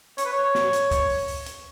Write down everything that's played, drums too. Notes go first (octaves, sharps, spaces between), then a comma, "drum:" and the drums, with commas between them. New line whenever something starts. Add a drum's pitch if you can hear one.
C#5, drum: hi-hat
B4
C#5
drum: snare
drum: hi-hat
drum: kick C#2, hi-hat
drum: open hi-hat
drum: open hi-hat
drum: hi-hat